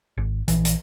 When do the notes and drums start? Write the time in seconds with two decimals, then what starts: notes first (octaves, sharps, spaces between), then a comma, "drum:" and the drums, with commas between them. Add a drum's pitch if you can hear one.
0.17 G#1
0.48 A#1 E3, drum: hi-hat
0.65 drum: hi-hat